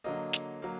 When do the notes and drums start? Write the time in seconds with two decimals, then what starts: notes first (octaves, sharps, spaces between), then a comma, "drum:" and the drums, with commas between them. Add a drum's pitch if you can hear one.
0.04 D3 F#3 A#3 D#5
0.33 drum: snare
0.62 F#3 A#3